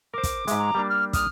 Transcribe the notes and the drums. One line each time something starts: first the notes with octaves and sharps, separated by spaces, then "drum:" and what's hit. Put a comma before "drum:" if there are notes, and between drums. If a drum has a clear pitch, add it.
A#4 C5 D6
drum: kick, hi-hat
G#2 G#3 E5, drum: hi-hat
A#5
G3 A#3 D4
F6
D#6 F6, drum: kick, hi-hat